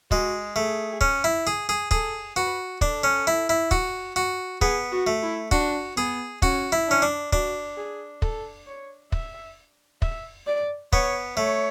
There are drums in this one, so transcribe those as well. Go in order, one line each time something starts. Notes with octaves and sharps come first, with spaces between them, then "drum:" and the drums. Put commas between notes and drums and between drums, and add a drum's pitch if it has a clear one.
G#3 F#4, drum: kick
A3 G#4
C#4, drum: kick
E4
G#4
G#4
G#4 A4, drum: kick
F#4 B4
D4 A4, drum: kick
C#4
E4
E4
F#4, drum: kick
F#4
B3 G#4, drum: kick
F#4
A3
E4
D4 F#4, drum: kick
B3 G#4
C#4 F#4, drum: kick
E4
C#4 D4
D4
D4 F#4, drum: kick
G#4
A4, drum: kick
C#5
E5, drum: kick
E5, drum: kick
D5
B3 C#5, drum: kick
A3 C#5